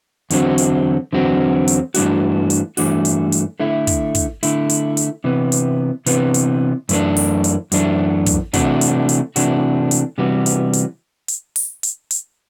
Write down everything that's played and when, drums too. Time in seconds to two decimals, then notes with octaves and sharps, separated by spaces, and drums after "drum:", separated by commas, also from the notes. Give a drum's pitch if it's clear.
0.30 E2 D3 F#3 C4 F#4, drum: hi-hat
0.58 drum: hi-hat
1.13 E2 D3 F#3 C4 F#4
1.68 drum: hi-hat
1.94 G2 E3 A3 D4 F#4, drum: hi-hat
2.50 drum: hi-hat
2.77 G2 E3 A3 D4 F#4, drum: open hi-hat
3.05 drum: hi-hat
3.32 drum: hi-hat
3.60 D3 A3 E4
3.87 drum: kick, hi-hat
4.15 drum: kick, hi-hat
4.43 D3 A3 E4, drum: hi-hat
4.69 drum: hi-hat
4.97 drum: hi-hat
5.24 C3 E3 B3
5.52 drum: hi-hat
6.06 C3 E3 B3, drum: hi-hat
6.34 drum: hi-hat
6.89 F#2 E3 A3 D4, drum: hi-hat
7.17 drum: open hi-hat
7.44 drum: hi-hat
7.72 F#2 E3 A3 D4, drum: hi-hat
8.26 drum: kick, hi-hat
8.53 C3 E3 A3 D4 F#4, drum: kick, hi-hat
8.81 drum: hi-hat
9.09 drum: hi-hat
9.36 C3 E3 A3 D4 F#4, drum: hi-hat
9.91 drum: hi-hat
10.18 C3 E3 G3 B3 F#4
10.46 drum: hi-hat
10.73 drum: hi-hat
11.28 drum: hi-hat
11.56 drum: open hi-hat
11.83 drum: hi-hat
12.11 drum: hi-hat